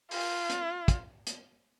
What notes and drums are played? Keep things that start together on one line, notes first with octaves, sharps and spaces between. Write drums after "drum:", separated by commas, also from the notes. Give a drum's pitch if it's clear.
F4, drum: open hi-hat
drum: hi-hat
drum: kick, hi-hat
drum: hi-hat